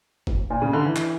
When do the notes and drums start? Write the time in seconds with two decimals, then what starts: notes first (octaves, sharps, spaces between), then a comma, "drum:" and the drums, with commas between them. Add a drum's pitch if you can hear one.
0.27 drum: kick F#1
0.50 A#2
0.62 C#3
0.73 D3
0.85 E3
0.96 drum: clap